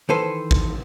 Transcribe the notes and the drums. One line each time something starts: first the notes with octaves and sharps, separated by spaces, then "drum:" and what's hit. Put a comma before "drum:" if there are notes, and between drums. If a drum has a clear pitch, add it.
D#3 E3 A4 B4 C5
drum: kick